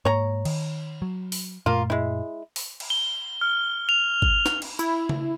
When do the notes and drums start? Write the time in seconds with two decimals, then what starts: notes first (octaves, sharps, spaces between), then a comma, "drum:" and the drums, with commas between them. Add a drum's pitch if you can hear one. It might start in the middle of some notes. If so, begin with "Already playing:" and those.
0.05 G#2 A#3 C#5 A#5
0.45 D#3, drum: cymbal
1.02 F#3
1.32 drum: open hi-hat
1.66 F#2 A#2 A3 A#3 F4
1.90 G#3 E4
2.56 drum: open hi-hat
2.80 drum: cymbal
2.90 G7
3.41 F6
3.89 F7
4.22 drum: kick
4.46 drum: snare
4.62 drum: cymbal
4.79 E4, drum: tambourine
5.09 drum: tom C#3